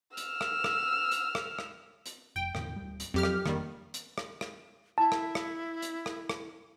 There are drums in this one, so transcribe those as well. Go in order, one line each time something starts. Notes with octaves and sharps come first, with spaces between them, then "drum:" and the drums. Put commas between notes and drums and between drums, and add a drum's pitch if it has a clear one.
E6 F6, drum: hi-hat
drum: rim click
drum: rim click
drum: hi-hat
drum: rim click
drum: rim click
drum: hi-hat
F1 G5
E2 A2 D3, drum: rim click
D1 G#1 G3
drum: hi-hat
F2 F#3 G4 F6
drum: rim click
F1 D#3 G3 A#3 D4, drum: rim click
drum: hi-hat
drum: rim click
drum: rim click
E4 A5
drum: rim click
drum: rim click
drum: hi-hat
drum: rim click
drum: rim click